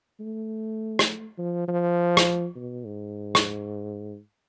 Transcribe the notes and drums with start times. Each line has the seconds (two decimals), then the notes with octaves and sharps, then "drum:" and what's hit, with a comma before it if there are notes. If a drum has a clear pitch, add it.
0.20 A3
0.99 drum: rim click
1.38 F3
1.68 F3
2.17 drum: rim click
2.56 B2
2.86 G#2
3.35 drum: rim click